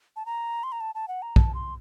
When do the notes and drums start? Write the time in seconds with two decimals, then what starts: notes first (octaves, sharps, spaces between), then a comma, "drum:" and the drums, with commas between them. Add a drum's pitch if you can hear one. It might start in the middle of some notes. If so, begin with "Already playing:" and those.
0.16 A5
0.26 A#5
0.63 C6
0.72 A#5
0.81 A5
0.95 A5
1.08 F#5
1.22 A#5
1.36 A5, drum: kick
1.54 C6